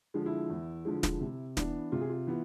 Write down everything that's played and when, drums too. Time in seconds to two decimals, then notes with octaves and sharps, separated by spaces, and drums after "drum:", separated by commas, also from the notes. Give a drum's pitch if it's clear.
0.14 D3 F3 G#3
0.26 E4
0.50 E2
0.85 D3 F3 G#3
1.03 drum: snare
1.21 C3
1.57 E3 B3 D4, drum: snare
1.92 C3 F4
2.01 G#4
2.09 F4
2.27 E3 B3